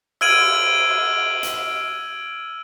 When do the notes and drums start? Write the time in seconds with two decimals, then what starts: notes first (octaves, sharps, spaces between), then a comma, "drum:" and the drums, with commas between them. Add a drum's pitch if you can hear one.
0.21 E6 F6 G#6 D7 D#7 F#7, drum: cymbal
1.43 drum: hi-hat